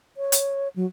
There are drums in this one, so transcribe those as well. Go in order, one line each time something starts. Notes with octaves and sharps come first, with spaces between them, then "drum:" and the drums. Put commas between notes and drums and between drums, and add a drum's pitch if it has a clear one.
C#5
drum: hi-hat
F#3